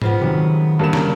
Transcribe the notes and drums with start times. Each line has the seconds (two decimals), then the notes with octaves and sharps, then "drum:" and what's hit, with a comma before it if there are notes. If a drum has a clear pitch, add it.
0.02 C#3 F3 B3, drum: tom G#2
0.21 C3 D#3 F#3
0.79 G2 A#3 E7
0.93 C#3 A#4, drum: snare